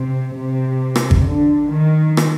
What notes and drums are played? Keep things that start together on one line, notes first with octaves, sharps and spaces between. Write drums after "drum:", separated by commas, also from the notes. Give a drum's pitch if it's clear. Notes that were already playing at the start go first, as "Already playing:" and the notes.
Already playing: C3
C3
drum: rim click
drum: kick G#1
D3
D#3
drum: rim click